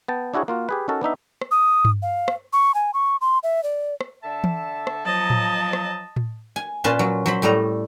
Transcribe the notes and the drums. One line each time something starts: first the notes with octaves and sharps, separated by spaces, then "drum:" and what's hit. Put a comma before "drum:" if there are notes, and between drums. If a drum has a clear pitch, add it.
B3 G5 A5
D4 E4 F#4 G#4 C#5
A#3 F4 F#4
G4 G#4 B4
C#4 D#4 F#4 A4 A#4
B3 D4 D#4 E5
drum: rim click
D#6
drum: tom G2
F5
drum: rim click
C#6
G#5
C#6
C6
E5
D5
drum: rim click
D3 E5 A5
drum: tom E3
drum: rim click
F3 F#3 D#5 A5
drum: tom A2
drum: rim click
drum: tom A2
G#5
A#2 C#4 B4 A5 C6
F#3
F#3 C5 B5
A2 G3 A3 A#5